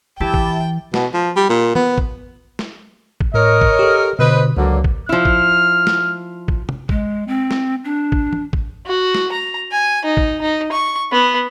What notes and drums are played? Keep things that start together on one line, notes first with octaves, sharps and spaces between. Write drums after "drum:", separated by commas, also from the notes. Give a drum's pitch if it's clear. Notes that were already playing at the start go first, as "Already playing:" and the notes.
E3 E4 G4 G5 A5
drum: kick A1
B2, drum: snare
F3
G3
A#2
B3, drum: tom
drum: kick A1
drum: snare
drum: kick A1
A2 A#4 C#5 D#5
drum: kick A1
G4 A4
B2 D3 B4 C5 D#5
C#2 D3 F#3 A#3
drum: kick A1
F3 E4 F6
drum: kick A1
drum: snare
drum: kick A1
drum: tom
G#3, drum: kick A1
C4
drum: snare
D4
drum: kick A1
drum: tom
drum: kick A1
F#4
drum: snare
A#5
G#5
D#4
drum: kick A1
D#4
C#6
B3